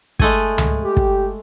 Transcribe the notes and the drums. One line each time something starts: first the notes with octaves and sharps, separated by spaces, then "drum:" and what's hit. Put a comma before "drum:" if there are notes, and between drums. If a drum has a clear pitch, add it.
G#3 A3 G#5, drum: kick
drum: tom C#2
G4
drum: kick